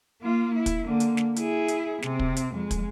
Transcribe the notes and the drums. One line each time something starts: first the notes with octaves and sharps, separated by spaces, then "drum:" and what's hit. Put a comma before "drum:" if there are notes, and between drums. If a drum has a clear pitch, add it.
A#3 F4
E4
drum: kick, hi-hat
D3 A#3
drum: hi-hat
drum: snare
E4 G#4, drum: hi-hat
drum: hi-hat
C3 C4, drum: snare
drum: kick
drum: hi-hat
F2 G#3
drum: kick, hi-hat